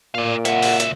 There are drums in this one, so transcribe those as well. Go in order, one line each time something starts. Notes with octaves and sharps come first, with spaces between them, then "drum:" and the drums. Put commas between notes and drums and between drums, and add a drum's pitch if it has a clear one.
A#2 D5 F5
C#2 E5 F#5, drum: hi-hat
drum: open hi-hat
drum: hi-hat